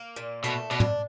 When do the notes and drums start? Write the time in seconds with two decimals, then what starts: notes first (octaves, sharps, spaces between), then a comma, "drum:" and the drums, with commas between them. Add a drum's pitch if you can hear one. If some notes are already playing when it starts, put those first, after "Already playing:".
Already playing: A#3
0.16 A#2
0.44 B2 A3, drum: hi-hat
0.71 B2 D4
0.80 drum: tom